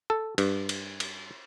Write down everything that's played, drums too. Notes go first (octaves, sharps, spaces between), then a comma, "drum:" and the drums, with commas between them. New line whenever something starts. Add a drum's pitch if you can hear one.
A4
G2, drum: cymbal
drum: cymbal
drum: cymbal